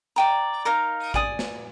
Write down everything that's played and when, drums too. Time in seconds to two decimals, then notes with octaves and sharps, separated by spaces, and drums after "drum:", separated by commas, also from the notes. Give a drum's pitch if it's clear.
0.16 D5 G5 A#5
0.65 D#4 A#4 F5
1.14 D5 G#5 D#6, drum: kick A1
1.39 drum: snare